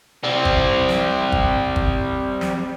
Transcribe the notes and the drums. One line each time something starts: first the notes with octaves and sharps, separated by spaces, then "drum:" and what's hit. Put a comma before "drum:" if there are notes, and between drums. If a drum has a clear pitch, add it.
G3 C4
drum: kick
drum: snare
drum: kick
drum: kick
drum: snare